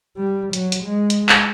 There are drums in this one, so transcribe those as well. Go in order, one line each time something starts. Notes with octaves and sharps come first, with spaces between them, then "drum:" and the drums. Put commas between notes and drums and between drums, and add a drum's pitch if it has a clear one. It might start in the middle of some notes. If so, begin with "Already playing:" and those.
G3
F#3, drum: hi-hat
drum: hi-hat
G#3
drum: hi-hat
drum: clap